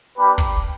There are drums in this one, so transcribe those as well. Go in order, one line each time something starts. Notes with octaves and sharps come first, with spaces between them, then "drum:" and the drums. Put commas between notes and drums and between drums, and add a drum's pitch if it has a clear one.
A#3 D4 G4 B4
drum: kick